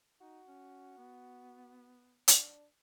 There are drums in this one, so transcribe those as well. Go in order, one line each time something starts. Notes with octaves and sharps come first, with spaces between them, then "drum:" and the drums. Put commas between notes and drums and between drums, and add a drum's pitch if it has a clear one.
D#4 F#4
C#4
B3
D4, drum: hi-hat